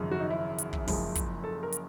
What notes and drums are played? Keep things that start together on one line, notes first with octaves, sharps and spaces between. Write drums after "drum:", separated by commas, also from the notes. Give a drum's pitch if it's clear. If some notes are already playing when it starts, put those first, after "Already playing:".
Already playing: G#1 F#2 C#3 F3 G#3
F#4
D#4
E4
drum: hi-hat
drum: kick
F#1 F#2 C#3 F3 G#3, drum: kick, open hi-hat
drum: kick, hi-hat
A4
A#4
drum: hi-hat